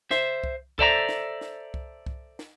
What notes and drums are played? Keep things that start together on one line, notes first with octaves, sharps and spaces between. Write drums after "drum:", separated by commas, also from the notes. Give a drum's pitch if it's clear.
C5 E5, drum: snare
drum: kick C2
A4 C5 D5 E5 G#5 A#5, drum: kick C2
drum: snare
drum: snare
drum: kick C2
drum: kick C2
drum: snare